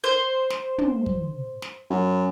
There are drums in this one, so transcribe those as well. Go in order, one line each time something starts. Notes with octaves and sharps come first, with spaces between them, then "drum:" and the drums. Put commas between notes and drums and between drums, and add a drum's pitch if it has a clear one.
C5
drum: snare
drum: tom
drum: kick
drum: snare
F#2